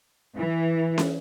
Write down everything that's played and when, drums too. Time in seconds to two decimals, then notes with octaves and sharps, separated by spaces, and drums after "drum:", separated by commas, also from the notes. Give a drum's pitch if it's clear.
0.36 E3
0.98 drum: snare